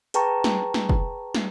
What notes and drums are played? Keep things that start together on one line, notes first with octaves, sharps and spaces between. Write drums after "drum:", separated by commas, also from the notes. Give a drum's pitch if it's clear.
G#4 B4 G5 A5 A#5 C#6, drum: hi-hat
drum: snare
drum: snare
drum: kick
drum: snare